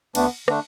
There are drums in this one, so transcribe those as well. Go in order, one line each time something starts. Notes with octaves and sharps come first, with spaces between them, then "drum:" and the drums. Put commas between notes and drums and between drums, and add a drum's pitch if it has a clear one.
D2 D3 A3 B3 D4, drum: cymbal
D3 A3 D4, drum: rim click